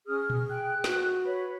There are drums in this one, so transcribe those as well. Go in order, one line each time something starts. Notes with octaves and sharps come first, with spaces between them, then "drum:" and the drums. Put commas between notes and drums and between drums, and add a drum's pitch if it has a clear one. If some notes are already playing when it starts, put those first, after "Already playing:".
C#4 G#4 D#6 F6
drum: tom A#2
G5 F#6
F#4, drum: snare
B4 C#5 B5